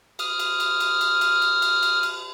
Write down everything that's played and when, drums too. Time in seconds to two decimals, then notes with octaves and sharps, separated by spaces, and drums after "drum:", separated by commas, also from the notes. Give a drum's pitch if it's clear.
0.19 D#6 F6, drum: cymbal
0.39 drum: cymbal
0.60 drum: cymbal
0.80 drum: cymbal
1.01 drum: cymbal
1.21 drum: cymbal
1.42 drum: cymbal
1.62 drum: cymbal
1.83 drum: cymbal
2.03 drum: cymbal